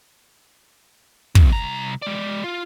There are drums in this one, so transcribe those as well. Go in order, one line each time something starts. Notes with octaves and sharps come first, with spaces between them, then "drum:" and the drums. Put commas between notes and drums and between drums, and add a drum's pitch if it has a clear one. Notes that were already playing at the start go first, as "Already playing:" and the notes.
F2 C3, drum: kick
C2 A#5
G#3 D5
F4